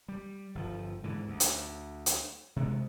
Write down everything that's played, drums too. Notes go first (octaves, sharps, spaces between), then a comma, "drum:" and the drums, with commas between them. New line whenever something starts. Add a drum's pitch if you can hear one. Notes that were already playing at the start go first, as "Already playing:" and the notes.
G3
G1 F3
G#2 D3 E3
D2
drum: hi-hat
drum: hi-hat
C3 G#3 B3